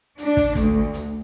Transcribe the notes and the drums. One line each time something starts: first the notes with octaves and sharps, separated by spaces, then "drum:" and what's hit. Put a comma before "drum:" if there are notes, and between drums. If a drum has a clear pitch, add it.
D4, drum: hi-hat
drum: kick, hi-hat
D2, drum: kick, hi-hat
drum: hi-hat